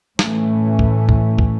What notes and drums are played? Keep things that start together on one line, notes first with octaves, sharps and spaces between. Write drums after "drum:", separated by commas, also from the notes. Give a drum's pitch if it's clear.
A2 E3 A3 C#4, drum: snare
drum: kick
drum: kick
drum: kick